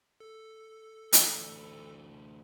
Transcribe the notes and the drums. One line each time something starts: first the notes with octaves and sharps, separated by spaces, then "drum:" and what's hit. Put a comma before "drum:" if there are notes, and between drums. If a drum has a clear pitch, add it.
A4
D2 E3, drum: hi-hat